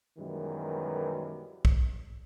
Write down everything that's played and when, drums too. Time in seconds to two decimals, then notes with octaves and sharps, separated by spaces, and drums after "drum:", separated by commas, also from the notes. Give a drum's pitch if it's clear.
0.18 F#2 B2 D#3 E3 G3 G#3
1.65 drum: kick B1